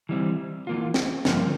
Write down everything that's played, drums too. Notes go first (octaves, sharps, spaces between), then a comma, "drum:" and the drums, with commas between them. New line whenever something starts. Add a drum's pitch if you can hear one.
E3 G3 C4
E3 A#3 F4
drum: snare
G2 D3 F3 A#3, drum: snare